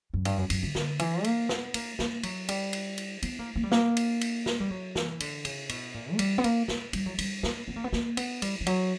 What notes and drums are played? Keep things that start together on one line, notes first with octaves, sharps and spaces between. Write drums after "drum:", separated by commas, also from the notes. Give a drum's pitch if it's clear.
F#2
G2, drum: cymbal
F#2
F#2, drum: cymbal
D3
D3, drum: snare
E3, drum: cymbal
A#3, drum: cymbal
B3, drum: snare
A#3, drum: cymbal
A#3, drum: snare
F#3, drum: cymbal
G3, drum: cymbal
drum: cymbal
drum: cymbal
B3, drum: cymbal
A#3
A#3
G3
A#3, drum: snare
drum: cymbal
drum: cymbal
drum: snare
G3
F#3
E3, drum: snare
D3, drum: cymbal
C#3, drum: cymbal
B2, drum: cymbal
A#2
A#3
G3, drum: cymbal
B3
A#3, drum: cymbal
A#3, drum: snare
G3, drum: cymbal
F#3
G3, drum: cymbal
A#3, drum: snare
B3
A#3
B3
A#3, drum: snare
B3, drum: cymbal
G3, drum: cymbal
E3
F#3, drum: cymbal